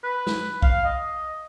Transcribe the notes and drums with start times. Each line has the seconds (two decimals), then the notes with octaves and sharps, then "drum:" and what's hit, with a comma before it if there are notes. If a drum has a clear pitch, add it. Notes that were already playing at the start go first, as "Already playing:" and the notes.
0.04 B4
0.27 drum: snare
0.62 F5, drum: kick
0.85 D#5